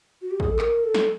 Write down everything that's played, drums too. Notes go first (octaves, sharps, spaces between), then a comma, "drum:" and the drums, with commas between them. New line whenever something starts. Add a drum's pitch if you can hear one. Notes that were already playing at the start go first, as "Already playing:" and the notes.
F#4
G4
G#4, drum: kick
A4
A#4, drum: clap
A4
drum: snare